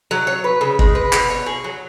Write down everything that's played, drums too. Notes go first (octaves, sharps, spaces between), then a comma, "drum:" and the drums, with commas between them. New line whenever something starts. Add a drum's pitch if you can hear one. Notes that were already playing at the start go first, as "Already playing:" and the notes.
F#3
C#5
B4
C#3
G#3, drum: kick F#1
B4
B2, drum: clap
C#5
G#4
F#3